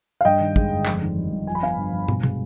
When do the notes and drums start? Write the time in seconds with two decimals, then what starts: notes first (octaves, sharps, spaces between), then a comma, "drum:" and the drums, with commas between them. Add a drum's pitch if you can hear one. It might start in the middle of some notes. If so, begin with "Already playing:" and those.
0.21 F5
0.25 G2 D#5 G5
0.40 D#3
0.56 G#3, drum: kick
0.71 G1
0.86 F2, drum: clap
1.02 D#3
1.17 G3
1.32 G1
1.47 F3 G#5
1.55 B5
1.63 B3 F5 G#5
1.78 G2
1.93 G2
2.08 B2, drum: tom
2.23 G#3, drum: tom